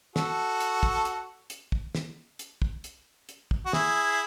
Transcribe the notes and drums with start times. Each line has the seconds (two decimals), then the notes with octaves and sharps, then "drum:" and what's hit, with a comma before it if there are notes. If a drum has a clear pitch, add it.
0.16 F#4 A4, drum: snare
0.60 drum: hi-hat
0.83 drum: kick
1.05 drum: hi-hat
1.50 drum: hi-hat
1.72 drum: kick
1.95 drum: snare
2.39 drum: hi-hat
2.62 drum: kick
2.84 drum: hi-hat
3.29 drum: hi-hat
3.51 drum: kick
3.66 F#4
3.73 E4 G#4, drum: snare